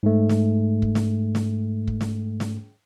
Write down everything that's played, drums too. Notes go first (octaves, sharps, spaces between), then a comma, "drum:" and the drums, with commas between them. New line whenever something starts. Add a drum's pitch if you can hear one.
G#2 A3
drum: snare
drum: kick
drum: snare
drum: snare
drum: kick
drum: snare
drum: snare